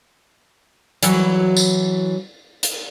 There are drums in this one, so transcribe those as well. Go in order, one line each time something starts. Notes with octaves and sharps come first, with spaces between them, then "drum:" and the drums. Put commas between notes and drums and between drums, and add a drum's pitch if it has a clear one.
E3 F#3, drum: hi-hat
drum: tambourine
drum: hi-hat